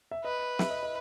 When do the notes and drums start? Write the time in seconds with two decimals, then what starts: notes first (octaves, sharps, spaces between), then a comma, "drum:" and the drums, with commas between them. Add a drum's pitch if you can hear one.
0.11 E5
0.25 B4 D#5
0.59 E5, drum: snare
0.70 D#5
0.83 D#5